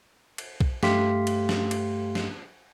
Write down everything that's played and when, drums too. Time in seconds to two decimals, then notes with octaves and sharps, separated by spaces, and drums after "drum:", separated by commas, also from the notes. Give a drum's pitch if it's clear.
0.38 drum: cymbal
0.60 drum: kick
0.83 G2 A3 G4 F5 C6 B6, drum: snare
1.27 drum: cymbal
1.49 drum: snare
1.71 drum: cymbal
2.15 drum: snare